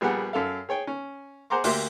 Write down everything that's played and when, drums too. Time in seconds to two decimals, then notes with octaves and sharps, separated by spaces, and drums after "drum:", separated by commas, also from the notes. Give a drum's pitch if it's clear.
0.01 A#1 G3 B3 G#4 F#5
0.33 F#2 A4 F5
0.69 G#4 C#5 G5
0.87 C#4
1.50 G#4 C5 F#5 A#5 C6 D6
1.64 D2 A#3 F#4 G4 E5 C6, drum: open hi-hat